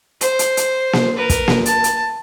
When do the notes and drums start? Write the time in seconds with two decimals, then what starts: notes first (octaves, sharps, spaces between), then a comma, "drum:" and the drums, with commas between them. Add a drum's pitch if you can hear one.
0.21 C5, drum: hi-hat
0.39 drum: hi-hat
0.57 drum: hi-hat
0.93 drum: snare A#3
1.17 A#4 B4
1.30 drum: kick, hi-hat
1.48 drum: snare A#3
1.66 A5, drum: hi-hat
1.84 drum: hi-hat